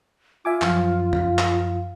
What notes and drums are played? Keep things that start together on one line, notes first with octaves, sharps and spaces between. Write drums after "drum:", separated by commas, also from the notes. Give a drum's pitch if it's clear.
F4 E5 G#5 D6
F#2 F3 F5, drum: clap
drum: tom
drum: clap